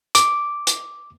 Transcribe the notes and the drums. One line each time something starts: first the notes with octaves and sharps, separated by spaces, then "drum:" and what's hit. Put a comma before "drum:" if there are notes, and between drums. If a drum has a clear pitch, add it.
D6, drum: hi-hat
drum: hi-hat